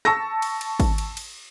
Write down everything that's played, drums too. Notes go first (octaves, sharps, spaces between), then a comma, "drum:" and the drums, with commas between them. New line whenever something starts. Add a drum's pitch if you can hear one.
A5 C#6 E6 A#6, drum: rim click
drum: cymbal
drum: cymbal
drum: kick G#1, cymbal
drum: cymbal
drum: cymbal